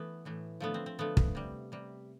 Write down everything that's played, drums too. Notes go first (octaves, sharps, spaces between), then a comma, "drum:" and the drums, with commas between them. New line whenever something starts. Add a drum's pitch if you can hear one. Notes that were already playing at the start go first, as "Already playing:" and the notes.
Already playing: E3 A3 B3
A2 E3 A3
D3 F3 A3 B3
C4
C4
D3 F3 A3 B3
drum: kick
C3 G3
C3 G3